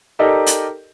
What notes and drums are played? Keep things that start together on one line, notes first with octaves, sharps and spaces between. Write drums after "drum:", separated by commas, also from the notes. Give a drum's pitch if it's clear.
D#4 G4 A4 A#4 D5 D#5
drum: hi-hat